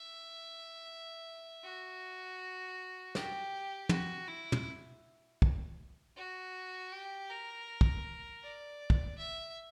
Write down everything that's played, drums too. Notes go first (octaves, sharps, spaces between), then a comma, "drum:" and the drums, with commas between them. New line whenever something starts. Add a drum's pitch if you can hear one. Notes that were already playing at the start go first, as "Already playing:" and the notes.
Already playing: E5
F#4
G4, drum: snare
F#4, drum: tom
E4
drum: tom
drum: kick
F#4
G4
A#4
drum: kick
D5
drum: kick
E5